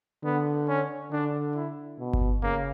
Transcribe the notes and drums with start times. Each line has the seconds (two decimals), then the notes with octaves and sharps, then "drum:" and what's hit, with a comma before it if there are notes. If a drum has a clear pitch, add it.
0.24 D3 B3
0.68 C#4
1.12 D3 D4
1.55 E4
1.99 B2
2.13 drum: kick G1
2.43 C#3 A#3